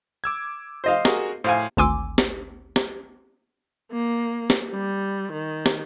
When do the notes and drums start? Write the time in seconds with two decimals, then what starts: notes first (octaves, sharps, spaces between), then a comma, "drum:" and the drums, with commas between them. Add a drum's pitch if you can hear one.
0.24 D6 E6 G#6
0.84 C5 D#5 F5
1.05 F#4 G#4 A#4, drum: snare
1.44 A2 C5 F5 G#5
1.77 G#1 D2 G#5 C6 D6 E6
2.18 drum: snare
2.76 drum: snare
3.92 A#3
4.50 drum: snare
4.71 G3
5.32 D#3
5.66 drum: snare